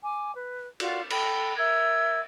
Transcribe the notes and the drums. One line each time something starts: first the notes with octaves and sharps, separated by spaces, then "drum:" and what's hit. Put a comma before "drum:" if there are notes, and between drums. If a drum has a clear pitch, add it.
G#5 D6
B4
F4 F#4 D5, drum: cymbal
A4 G5 B5, drum: cymbal
A#4 E5 E6 G#6